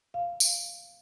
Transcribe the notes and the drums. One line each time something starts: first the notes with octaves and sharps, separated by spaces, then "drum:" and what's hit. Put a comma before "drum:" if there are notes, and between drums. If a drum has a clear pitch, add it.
F5
drum: tambourine